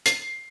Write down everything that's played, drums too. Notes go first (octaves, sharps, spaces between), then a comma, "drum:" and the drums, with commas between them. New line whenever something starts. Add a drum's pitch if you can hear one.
C7, drum: hi-hat